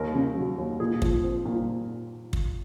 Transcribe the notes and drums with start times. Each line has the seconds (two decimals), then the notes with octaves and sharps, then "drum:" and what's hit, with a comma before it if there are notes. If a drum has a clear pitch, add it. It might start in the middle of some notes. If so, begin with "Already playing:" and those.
Already playing: D#2 A#4
0.15 C#3
0.37 F#3
0.58 D#2
0.80 A#2 G#4
1.02 F3, drum: kick
1.23 C4
1.46 A#2
2.33 drum: kick